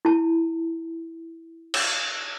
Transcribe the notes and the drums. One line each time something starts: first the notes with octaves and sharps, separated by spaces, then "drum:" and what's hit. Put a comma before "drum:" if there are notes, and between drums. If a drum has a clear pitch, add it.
E4 A5
drum: cymbal